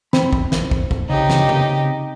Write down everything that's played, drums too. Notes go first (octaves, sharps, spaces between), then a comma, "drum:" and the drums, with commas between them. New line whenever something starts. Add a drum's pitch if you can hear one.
C4 B5, drum: snare
drum: kick
drum: snare
drum: kick
drum: kick
C#3 D#4 G4
drum: snare
drum: tom C3